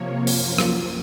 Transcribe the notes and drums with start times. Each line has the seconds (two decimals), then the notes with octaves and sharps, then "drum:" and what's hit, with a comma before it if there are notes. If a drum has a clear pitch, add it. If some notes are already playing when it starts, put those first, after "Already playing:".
Already playing: C3 F3 A#3 C#5
0.27 F#2 F3 A#3 F4, drum: open hi-hat
0.58 drum: rim click